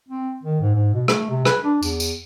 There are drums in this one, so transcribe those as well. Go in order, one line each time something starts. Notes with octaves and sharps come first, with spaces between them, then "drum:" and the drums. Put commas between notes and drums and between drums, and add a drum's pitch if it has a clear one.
C4
D#3
G#2
G#2
B2
A3, drum: rim click
C3
B4, drum: rim click
D4
E2, drum: tambourine
drum: tambourine